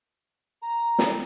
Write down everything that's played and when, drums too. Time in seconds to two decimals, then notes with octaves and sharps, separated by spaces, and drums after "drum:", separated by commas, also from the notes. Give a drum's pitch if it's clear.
0.62 A#5
0.99 drum: snare